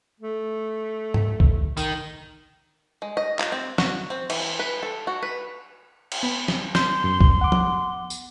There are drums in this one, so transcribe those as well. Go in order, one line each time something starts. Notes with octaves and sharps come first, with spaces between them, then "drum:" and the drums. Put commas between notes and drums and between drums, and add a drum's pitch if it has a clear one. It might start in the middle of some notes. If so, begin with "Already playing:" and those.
A3
drum: tom G#2
drum: kick
D#3, drum: tambourine
G#3
D#5
F4, drum: clap
C4
F#4, drum: snare
C4
E3, drum: cymbal
B4
A4
F#4
B4
drum: cymbal
B3
drum: snare
C6 G6, drum: snare
F#2
drum: kick
F#5 D6
drum: tom F3
drum: tambourine